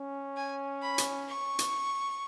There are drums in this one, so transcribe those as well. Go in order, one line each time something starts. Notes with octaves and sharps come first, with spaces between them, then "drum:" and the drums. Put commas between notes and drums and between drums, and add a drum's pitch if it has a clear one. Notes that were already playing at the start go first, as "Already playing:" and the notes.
Already playing: C#4
G#5
B5
drum: hi-hat
C#6
drum: hi-hat